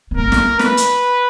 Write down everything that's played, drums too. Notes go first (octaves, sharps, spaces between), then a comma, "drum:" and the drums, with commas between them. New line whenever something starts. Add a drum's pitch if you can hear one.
B3
A#3 A#4
B3, drum: snare
B4, drum: snare
drum: hi-hat